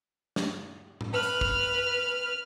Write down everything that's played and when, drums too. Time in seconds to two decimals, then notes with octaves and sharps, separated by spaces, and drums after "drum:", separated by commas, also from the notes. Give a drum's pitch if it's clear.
0.36 drum: snare
1.01 drum: tom A2
1.13 B4 F6
1.23 drum: hi-hat
1.41 drum: kick